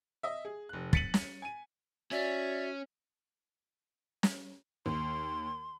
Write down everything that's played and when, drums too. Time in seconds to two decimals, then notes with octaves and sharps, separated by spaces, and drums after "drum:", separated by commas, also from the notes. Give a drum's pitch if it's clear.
0.23 D#5 E5
0.45 G#4
0.69 F1 F#6
0.93 A6 B6 C#7 D#7 F#7, drum: kick
1.14 drum: snare
1.42 G#5 D#7
2.12 C#4 F#4 D5 E5
4.23 drum: snare
4.86 D#2 C6